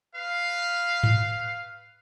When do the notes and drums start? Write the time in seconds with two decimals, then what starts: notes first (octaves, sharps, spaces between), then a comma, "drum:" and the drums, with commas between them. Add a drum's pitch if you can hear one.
0.15 B4 F5
1.03 drum: tom G#2